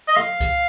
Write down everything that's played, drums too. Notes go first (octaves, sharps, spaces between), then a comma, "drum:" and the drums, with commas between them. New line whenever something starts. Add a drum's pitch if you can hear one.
D#5
F5, drum: rim click
drum: kick C2, hi-hat